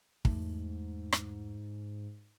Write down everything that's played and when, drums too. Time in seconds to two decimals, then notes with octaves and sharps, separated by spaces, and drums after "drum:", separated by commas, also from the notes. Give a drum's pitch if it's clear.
0.25 E2 G#2 A3, drum: kick
1.12 drum: rim click